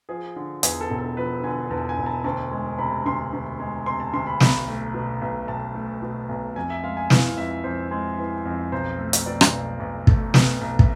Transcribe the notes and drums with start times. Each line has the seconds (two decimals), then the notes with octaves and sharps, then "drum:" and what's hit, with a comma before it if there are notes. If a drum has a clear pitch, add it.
0.09 F3 G#4
0.36 D3
0.63 E2 G#4, drum: hi-hat
0.81 A4
0.90 E1
0.98 A4
1.17 F3 B4
1.43 D3 G#5
1.70 E2 A5
1.89 G#5
1.98 E1
2.06 A5
2.24 D2 A5
2.51 G#3
2.79 C3 B5
3.06 D2 C6
3.33 D2
3.60 G#3
3.86 C3 C6
4.00 A5
4.13 D2 C6
4.27 B5
4.40 B1 B5, drum: snare
4.68 A3
4.94 B2
5.22 B1
5.48 B1 A5
5.75 A3
6.02 B2
6.29 B1
6.56 F2 G#5
6.70 E5
6.83 G#3 F5
6.97 G#5
7.10 E3 F5, drum: snare
7.37 F2 E5
7.64 F2 C5
7.91 G#3
8.18 E3
8.46 F2
8.72 B1 C5
8.99 A3
9.13 drum: hi-hat
9.26 B2 D5
9.41 drum: rim click
9.53 B1
9.80 B1
10.07 A3, drum: kick
10.34 B2, drum: snare
10.61 B1
10.79 E5, drum: kick